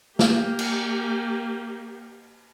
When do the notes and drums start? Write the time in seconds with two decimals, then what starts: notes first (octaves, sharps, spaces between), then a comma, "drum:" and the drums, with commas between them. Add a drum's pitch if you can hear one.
0.19 A#3 G4, drum: snare
0.59 drum: cymbal